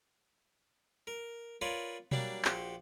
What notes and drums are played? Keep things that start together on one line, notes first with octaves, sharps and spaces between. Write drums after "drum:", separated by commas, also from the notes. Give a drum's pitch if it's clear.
A#4
F4 A#4 B4 C#5 D5
F#3 G3 A#3 D4 D5, drum: tom B2
A#1 F#4 G4 C6, drum: clap